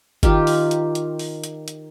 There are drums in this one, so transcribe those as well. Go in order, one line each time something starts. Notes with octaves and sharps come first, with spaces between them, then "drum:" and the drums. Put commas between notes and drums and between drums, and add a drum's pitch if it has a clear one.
D#3 F4 G4, drum: kick G1, hi-hat
drum: open hi-hat
drum: hi-hat
drum: hi-hat
drum: open hi-hat
drum: hi-hat
drum: hi-hat